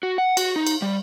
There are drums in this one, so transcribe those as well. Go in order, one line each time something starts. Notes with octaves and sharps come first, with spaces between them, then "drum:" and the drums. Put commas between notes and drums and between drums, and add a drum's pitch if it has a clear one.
F#4
F#5
F#4, drum: cymbal
D#4
drum: cymbal
G3